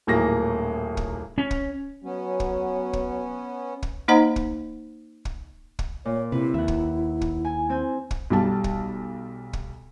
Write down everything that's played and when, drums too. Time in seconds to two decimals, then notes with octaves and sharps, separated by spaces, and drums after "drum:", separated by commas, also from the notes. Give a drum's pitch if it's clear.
0.07 D#1 A2 F#3 A#3 G#4 A#6
0.97 drum: kick
1.38 C#4
1.51 drum: kick
2.04 F#3 B3 C#4
2.40 drum: kick
2.93 drum: kick
3.83 drum: kick
4.08 A#3 D#4 C5 D#5 F#5 A#5
4.36 drum: kick
5.25 drum: kick
5.79 drum: kick
6.05 A#2 C#5
6.32 C3 E4 B4
6.54 D#2 E5 F#5
6.68 drum: kick
7.21 drum: kick
7.45 G#5
7.69 C4 G#5 G6
8.11 drum: kick
8.30 B1 G3 A5
8.64 drum: kick
9.53 drum: kick